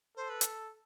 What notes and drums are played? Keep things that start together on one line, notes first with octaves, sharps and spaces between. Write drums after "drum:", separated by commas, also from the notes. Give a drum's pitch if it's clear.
A4 C5
B4
drum: hi-hat